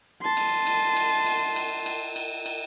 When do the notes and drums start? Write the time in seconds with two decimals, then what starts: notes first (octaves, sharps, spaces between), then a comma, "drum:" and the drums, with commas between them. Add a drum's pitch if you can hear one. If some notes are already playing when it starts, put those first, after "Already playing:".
0.22 A5 C6
0.37 drum: cymbal
0.67 drum: cymbal
0.97 drum: cymbal
1.26 drum: cymbal
1.56 drum: cymbal
1.86 drum: cymbal
2.16 drum: cymbal
2.46 drum: cymbal